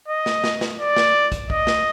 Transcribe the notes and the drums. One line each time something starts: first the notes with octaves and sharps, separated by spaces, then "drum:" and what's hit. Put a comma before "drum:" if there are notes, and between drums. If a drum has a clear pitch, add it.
D#5
drum: snare
drum: snare
drum: snare
D5
drum: snare
drum: kick, hi-hat
D#5, drum: kick
drum: snare